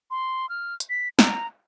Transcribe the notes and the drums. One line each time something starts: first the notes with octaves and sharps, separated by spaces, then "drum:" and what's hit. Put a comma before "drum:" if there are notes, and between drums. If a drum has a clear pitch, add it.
C6
F6
drum: hi-hat
B6
A#5, drum: snare